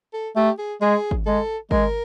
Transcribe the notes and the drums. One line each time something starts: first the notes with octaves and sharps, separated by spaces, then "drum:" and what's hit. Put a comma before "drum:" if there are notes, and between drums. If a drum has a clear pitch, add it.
A4
A3 G4
G#4
G#3 G#4
drum: kick G#1
G#3 A4
G#3 A#4, drum: kick G#1